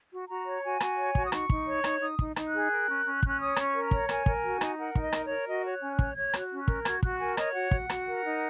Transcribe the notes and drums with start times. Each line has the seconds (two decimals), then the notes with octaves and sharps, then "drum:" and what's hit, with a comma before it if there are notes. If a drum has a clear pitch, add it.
0.11 F#4
0.29 F#4 A#5
0.46 C#5
0.63 F#4 G#5
0.80 F#4, drum: rim click
0.97 C#5
1.15 F#4, drum: kick
1.24 D#6
1.32 D#4 C#6, drum: rim click
1.50 D#4, drum: kick
1.67 C#5
1.84 D#4, drum: rim click
2.01 D#4 D#6
2.19 D#4, drum: kick
2.36 D#4, drum: rim click
2.47 F#6
2.53 G#4
2.70 A#4
2.87 C#4
3.05 C#4
3.23 C#4, drum: kick
3.28 F#6
3.40 C#5 D#6
3.56 C#4, drum: rim click
3.62 C#6
3.74 A#4
3.86 A#5
3.91 C#5, drum: kick
4.09 A#4 G#5, drum: rim click
4.26 A#4, drum: kick
4.43 F#4
4.61 D#4, drum: rim click
4.78 A#4 F#5
4.95 D#4, drum: kick
5.01 D#5
5.12 A#4, drum: rim click
5.24 C#5
5.30 A#4
5.47 F#4 D#5
5.64 C#5
5.70 F#6
5.82 C#4
5.93 F#6
5.99 C#5, drum: kick
6.16 C#5 G#6
6.33 F#4, drum: rim click
6.39 F#6
6.51 C#4
6.62 F#6
6.68 A#4, drum: kick
6.85 F#4 G#6, drum: rim click
7.03 F#4 F#6, drum: kick
7.19 A#4 G#5
7.37 C#5 D#5, drum: rim click
7.54 F#4 F#5
7.71 F#4, drum: kick
7.90 F#4, drum: rim click
8.06 A#4
8.24 D#4